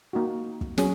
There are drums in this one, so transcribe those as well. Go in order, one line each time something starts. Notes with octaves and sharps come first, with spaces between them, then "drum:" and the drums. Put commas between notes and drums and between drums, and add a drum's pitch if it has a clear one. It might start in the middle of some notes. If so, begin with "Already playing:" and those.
A#3 D#4 F#4
drum: kick
F#3 C#4 G#4, drum: snare